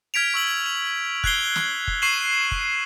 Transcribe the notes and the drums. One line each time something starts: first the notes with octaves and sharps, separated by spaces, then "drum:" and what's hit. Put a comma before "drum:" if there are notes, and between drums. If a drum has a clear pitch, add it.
F6 G#6 B6 D7 F7
C#6 E6 F#7
F7
F#6 G#6 C7 G7, drum: kick
drum: snare
drum: kick
C#6 C7 D#7 E7 F#7
drum: kick